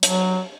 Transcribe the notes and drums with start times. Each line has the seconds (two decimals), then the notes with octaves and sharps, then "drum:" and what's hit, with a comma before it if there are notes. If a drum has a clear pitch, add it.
0.03 F#3, drum: hi-hat